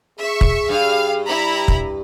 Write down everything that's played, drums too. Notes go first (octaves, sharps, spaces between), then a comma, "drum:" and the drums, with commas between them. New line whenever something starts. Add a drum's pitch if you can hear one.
G#4 E5 C#6
drum: kick
G2 F5
E4 A#5 B5
drum: kick